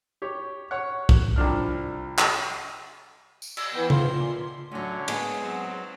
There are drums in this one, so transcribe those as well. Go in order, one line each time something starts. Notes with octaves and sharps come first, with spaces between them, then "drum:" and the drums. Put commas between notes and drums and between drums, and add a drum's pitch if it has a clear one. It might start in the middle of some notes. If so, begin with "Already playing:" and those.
G4 C#5
C#5 F#5
drum: kick
C2 F3 D4 F6
drum: clap
drum: tambourine
E6, drum: cymbal
E3 B3 G5
F4 C6, drum: tom C#3
A#2
D2 D3 F#3 C#4
G#3 B3 G#4, drum: cymbal
F#3 C4